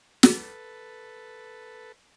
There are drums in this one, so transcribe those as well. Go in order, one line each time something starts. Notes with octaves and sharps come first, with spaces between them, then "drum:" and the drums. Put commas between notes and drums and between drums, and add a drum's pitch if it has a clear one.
A4 B4, drum: snare